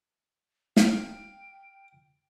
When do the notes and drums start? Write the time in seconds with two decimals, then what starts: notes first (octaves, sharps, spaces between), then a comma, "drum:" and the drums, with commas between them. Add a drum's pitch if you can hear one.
0.77 F5 G5, drum: snare